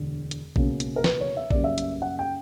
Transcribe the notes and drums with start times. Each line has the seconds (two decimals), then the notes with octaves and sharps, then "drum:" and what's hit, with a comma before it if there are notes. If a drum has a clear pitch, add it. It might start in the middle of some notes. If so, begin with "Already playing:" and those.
Already playing: E1 D2 D3
0.31 drum: hi-hat
0.56 C#2 B2 A#3 C#4, drum: kick
0.80 drum: hi-hat
0.96 A#4
1.04 B4, drum: snare
1.21 C#5
1.37 E5
1.50 F#2 C#3 G3 A#3 D5, drum: kick
1.64 E5
1.78 drum: hi-hat
2.02 F#5
2.19 G5